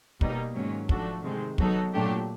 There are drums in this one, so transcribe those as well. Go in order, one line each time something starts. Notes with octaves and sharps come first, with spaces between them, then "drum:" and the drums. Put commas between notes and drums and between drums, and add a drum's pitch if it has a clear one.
B2 G3 A#3 D#4, drum: kick
G#2 D#3 F#3 A#3 C#4
F3 A3 D4 F#4 A4, drum: kick
C3 D#3 G#3 C4
F#3 B3 D#4 F#4 A4, drum: kick
A#2 F#3 A3 D4 G4